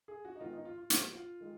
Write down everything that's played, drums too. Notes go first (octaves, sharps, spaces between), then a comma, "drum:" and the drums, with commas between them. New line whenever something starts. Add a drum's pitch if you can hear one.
G#4
F#4
D#4
G#2 D#3 G#3 B3 F4
D#4
F4
F4
A#2 F3 B3 F#4, drum: hi-hat
F4
D#3 G#3